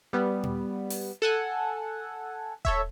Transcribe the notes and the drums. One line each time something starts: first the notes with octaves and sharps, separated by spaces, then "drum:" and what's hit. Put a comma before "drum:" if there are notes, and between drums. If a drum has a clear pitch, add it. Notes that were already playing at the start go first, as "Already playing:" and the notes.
G3 B3
drum: tom A#2
drum: open hi-hat
A4 F#5 G#5
A4 C#5 E5, drum: kick D#1